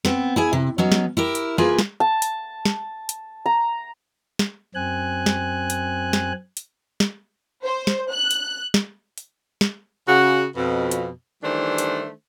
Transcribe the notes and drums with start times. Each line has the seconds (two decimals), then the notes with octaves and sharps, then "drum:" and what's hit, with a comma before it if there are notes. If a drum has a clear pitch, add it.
0.05 B3 C4, drum: snare
0.36 E4 G#4 G#5
0.53 C3
0.78 F#3 B3 C#4 D#4
0.92 drum: snare
1.17 E4 G4 A#4
1.35 drum: hi-hat
1.58 A#3 F4 G#4 B4 G#5
1.79 drum: snare
2.00 A5
2.22 drum: hi-hat
2.65 drum: snare
3.09 drum: hi-hat
3.46 A#5
4.39 drum: snare
4.75 F#2 C4 G#5 F#6
5.26 drum: snare
5.70 drum: hi-hat
6.13 drum: snare
6.57 drum: hi-hat
7.00 drum: snare
7.64 C5
7.87 drum: snare
8.11 F#6
8.31 drum: hi-hat
8.74 drum: snare
9.18 drum: hi-hat
9.61 drum: snare
10.08 C#3 F#4
10.56 F2 B2
10.91 drum: hi-hat
11.44 D#3 E3 G3 A3 D4 C5
11.78 drum: hi-hat